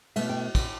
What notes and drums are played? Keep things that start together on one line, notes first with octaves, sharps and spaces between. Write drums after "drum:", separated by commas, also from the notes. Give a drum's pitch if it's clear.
B2 A3 E5, drum: cymbal
G5
drum: kick, cymbal